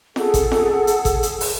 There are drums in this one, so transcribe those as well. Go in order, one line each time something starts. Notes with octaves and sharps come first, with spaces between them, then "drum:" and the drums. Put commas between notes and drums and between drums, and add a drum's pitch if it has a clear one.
G#4 A4 F#5, drum: snare
drum: kick, hi-hat
drum: snare
drum: hi-hat
drum: kick, hi-hat
drum: hi-hat
drum: open hi-hat